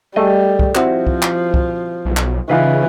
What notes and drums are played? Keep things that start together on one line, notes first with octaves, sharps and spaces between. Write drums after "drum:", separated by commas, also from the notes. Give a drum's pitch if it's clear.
G3 A3 G#4 D#5
drum: kick
F3 C4 E4 F#4, drum: clap
drum: kick
drum: clap
drum: kick
B1
drum: clap
C#3 E3 D#4 F4 B4